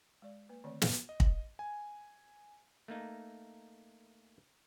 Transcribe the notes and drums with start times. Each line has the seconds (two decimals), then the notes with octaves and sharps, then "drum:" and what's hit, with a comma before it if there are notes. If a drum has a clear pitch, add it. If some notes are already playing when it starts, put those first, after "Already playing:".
0.22 G#3 D5
0.49 A#3 B4
0.64 D3 D#3 A3 C4 C#5 D5
0.82 D3 A4, drum: snare
1.09 D#5
1.20 drum: kick
1.59 G#5
2.88 A3 A#3 D#4